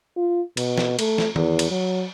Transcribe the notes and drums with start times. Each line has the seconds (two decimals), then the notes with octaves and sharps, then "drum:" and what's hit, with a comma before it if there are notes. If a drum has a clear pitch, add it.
0.16 F4
0.57 B2, drum: cymbal
0.78 drum: snare
0.99 A3, drum: cymbal
1.18 drum: snare
1.36 E2, drum: tom D#3
1.59 drum: cymbal
1.71 F#3